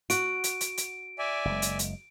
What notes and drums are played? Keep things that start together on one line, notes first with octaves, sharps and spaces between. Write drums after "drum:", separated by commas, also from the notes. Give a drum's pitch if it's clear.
F#4 D7, drum: hi-hat
drum: hi-hat
drum: hi-hat
drum: hi-hat
D5 E5 G#5
F#1 G#3
drum: hi-hat
drum: hi-hat